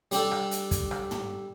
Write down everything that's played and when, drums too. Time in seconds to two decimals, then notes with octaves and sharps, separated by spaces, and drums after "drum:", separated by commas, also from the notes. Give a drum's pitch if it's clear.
0.11 G3 D4 G4 A4, drum: hi-hat
0.31 drum: rim click
0.51 drum: hi-hat
0.71 drum: kick, hi-hat
0.91 drum: rim click
1.11 drum: tom